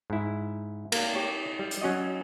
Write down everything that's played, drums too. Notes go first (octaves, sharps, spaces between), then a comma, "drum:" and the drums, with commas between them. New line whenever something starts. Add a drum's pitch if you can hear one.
G#2 E4
A#3, drum: cymbal
G4 C#5
G3
drum: hi-hat
F#3 C#4 F#4 D#5